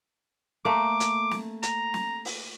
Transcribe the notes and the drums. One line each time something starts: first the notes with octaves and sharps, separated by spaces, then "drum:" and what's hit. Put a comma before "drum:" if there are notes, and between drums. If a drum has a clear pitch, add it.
A3 A#3 D6
drum: hi-hat
drum: snare
A#5, drum: hi-hat
drum: snare
drum: open hi-hat